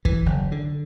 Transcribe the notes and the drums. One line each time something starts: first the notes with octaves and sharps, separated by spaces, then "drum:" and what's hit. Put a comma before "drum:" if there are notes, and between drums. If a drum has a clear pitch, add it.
E3, drum: kick
F#1
D3